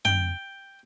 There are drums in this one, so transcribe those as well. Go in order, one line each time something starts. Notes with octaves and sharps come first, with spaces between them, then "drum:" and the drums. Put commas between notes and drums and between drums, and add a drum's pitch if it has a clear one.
G5, drum: tom